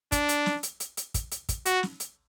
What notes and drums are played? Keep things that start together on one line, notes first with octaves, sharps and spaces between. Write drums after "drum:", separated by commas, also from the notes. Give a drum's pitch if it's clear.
D4, drum: kick, hi-hat
drum: hi-hat
drum: snare
drum: hi-hat
drum: hi-hat
drum: hi-hat
drum: kick, hi-hat
drum: hi-hat
drum: kick, hi-hat
F#4, drum: hi-hat
drum: snare
drum: hi-hat